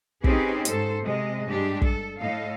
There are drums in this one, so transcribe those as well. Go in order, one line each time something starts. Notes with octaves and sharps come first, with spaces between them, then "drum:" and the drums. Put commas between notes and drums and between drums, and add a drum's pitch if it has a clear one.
C4 C#4 D#4 G4 G#4 B4, drum: kick
G#2 A4 C5, drum: hi-hat
C3 G#3 D#5
G2 G#3 D4 G4
A4, drum: kick
A2 A4 D#5 F5